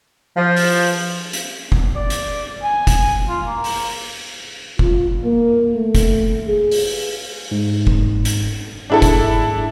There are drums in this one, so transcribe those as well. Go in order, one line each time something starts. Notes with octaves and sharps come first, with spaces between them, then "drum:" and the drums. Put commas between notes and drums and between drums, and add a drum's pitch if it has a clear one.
F3
drum: open hi-hat
drum: hi-hat
drum: kick F#1
D5
drum: hi-hat
G#5
drum: kick F#1, hi-hat
F4
A#3
drum: open hi-hat
F4, drum: kick F#1
A#3
A3
drum: kick F#1, hi-hat
G#4
drum: open hi-hat
G#2
drum: kick F#1
drum: hi-hat
G#2 D4 E4 G#4 A4
drum: kick F#1, hi-hat